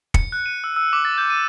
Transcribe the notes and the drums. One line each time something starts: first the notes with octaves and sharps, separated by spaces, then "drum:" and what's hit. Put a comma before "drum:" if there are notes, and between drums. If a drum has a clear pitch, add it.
C#7, drum: kick
F#6
D#7
E6
E6
D6
A6
G6
D#7